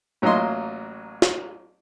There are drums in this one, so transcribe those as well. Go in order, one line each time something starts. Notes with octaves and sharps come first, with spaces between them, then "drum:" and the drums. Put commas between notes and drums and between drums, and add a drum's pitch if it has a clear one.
A1 F#3 A#3 F4 D#5 C6
drum: snare